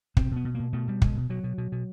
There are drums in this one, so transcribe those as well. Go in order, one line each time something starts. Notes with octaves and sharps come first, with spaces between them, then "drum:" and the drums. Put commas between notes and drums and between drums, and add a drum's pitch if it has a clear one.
B2 C4, drum: kick
B2
B3
B2
B2 A#3
B2 A3
B2 G3
B2 G#3, drum: kick
B2
B2 F#3
B2
B2
B2